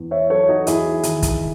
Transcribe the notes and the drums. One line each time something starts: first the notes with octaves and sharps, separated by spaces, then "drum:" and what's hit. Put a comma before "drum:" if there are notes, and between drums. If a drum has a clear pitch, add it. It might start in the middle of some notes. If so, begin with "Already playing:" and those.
Already playing: E2
C#5 E5
F#3 A4 C#5
D#4 F#4
E2 E4 G#4, drum: hi-hat
D#3, drum: hi-hat
drum: kick, hi-hat